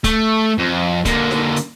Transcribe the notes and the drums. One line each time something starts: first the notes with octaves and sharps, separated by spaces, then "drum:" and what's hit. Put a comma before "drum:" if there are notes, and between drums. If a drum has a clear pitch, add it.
A3, drum: kick C#1, hi-hat
F2
D3 A#3, drum: kick C#1, hi-hat
drum: snare
drum: hi-hat